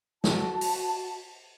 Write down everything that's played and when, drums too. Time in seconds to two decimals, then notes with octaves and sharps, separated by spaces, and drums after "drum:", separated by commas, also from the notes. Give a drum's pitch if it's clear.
0.24 F#4 A5, drum: snare
0.61 drum: open hi-hat